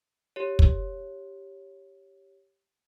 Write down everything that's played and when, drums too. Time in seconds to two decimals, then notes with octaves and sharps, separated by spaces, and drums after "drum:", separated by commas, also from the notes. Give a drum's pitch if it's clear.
0.36 G4 C#5
0.59 drum: kick